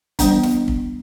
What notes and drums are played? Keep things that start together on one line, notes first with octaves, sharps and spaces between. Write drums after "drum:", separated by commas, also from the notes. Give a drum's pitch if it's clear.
E3 G3 B3 D4, drum: kick, hi-hat
drum: snare
drum: kick